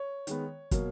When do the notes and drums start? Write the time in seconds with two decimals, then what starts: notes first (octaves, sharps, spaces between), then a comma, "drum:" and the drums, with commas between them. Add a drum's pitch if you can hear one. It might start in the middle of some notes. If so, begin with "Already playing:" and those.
Already playing: C#5
0.27 D#3 G#3 B3, drum: hi-hat
0.71 B2 F#3 A#3, drum: kick, hi-hat